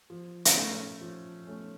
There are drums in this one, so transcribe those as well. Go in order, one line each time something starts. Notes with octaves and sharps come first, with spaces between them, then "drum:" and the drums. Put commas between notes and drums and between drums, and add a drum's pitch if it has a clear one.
F3
drum: hi-hat
A3 C#4
F3
A3 C#4